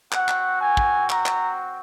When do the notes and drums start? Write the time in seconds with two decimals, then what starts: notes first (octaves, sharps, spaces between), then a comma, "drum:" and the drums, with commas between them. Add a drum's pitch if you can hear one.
0.12 C4 F#4 F#5, drum: clap
0.29 drum: clap
0.61 G#5
0.77 drum: kick
1.10 A#5, drum: clap
1.26 drum: clap